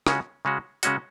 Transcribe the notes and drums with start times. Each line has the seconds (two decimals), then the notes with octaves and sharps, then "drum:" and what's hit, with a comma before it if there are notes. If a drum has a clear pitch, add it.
0.07 C#3 G#3 C#4 F#4, drum: rim click
0.45 C#3 G#3 C#4 F#4
0.83 C#3 G#3 C#4 F#4, drum: hi-hat